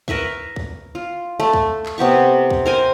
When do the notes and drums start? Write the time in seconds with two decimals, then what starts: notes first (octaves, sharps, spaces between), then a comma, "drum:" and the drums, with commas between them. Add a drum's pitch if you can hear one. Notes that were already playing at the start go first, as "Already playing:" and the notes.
0.08 A#4 B4 E5 C#6, drum: kick
0.56 drum: kick
0.95 F4
1.40 A3
1.53 drum: kick
1.86 drum: clap
1.98 C3 B3 G4 C#6
2.50 drum: kick
2.65 A#4 C5 G#5